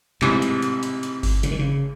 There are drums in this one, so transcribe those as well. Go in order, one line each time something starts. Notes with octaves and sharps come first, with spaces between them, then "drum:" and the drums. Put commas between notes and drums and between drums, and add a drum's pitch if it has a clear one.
A1 G#2 C3 E3, drum: clap
drum: hi-hat
drum: hi-hat
drum: hi-hat
drum: hi-hat
drum: kick G1, open hi-hat
C#3, drum: hi-hat
D#3
C#3